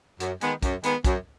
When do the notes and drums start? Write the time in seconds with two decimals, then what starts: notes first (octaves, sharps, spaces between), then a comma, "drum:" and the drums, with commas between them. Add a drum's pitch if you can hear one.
0.20 F#2, drum: hi-hat
0.41 D#3 G#3 B3, drum: hi-hat
0.63 F#2, drum: kick, hi-hat
0.84 D#3 G#3 B3, drum: hi-hat
1.04 F#2, drum: kick, hi-hat